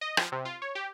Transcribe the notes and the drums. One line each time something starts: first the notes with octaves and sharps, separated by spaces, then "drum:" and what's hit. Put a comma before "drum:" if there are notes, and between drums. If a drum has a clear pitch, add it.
D#5
F3, drum: rim click
C3
F4
C#5
G4